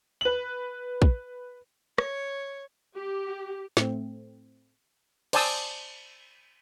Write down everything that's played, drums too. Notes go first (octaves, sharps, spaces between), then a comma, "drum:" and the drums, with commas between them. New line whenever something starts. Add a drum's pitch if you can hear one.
B4 F#7
drum: kick
C#5, drum: rim click
G4
A2 A3 C4, drum: snare
C5 D5 G#5 A5 D#6 E6, drum: cymbal